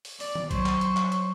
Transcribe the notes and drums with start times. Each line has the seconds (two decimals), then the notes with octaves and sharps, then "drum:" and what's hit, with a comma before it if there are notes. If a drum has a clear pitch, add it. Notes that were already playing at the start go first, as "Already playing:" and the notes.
0.05 drum: open hi-hat
0.20 D5 D6, drum: open hi-hat
0.35 drum: tom D#3
0.51 F#3 C5 C#6, drum: kick A#1, hi-hat
0.66 drum: clap
0.81 drum: hi-hat
0.97 drum: clap
1.12 drum: hi-hat